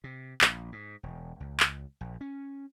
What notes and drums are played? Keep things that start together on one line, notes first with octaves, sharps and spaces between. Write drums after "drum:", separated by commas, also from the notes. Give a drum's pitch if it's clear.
C3
A#1, drum: clap
G#2
E1
C#2
drum: clap
A#1
C#4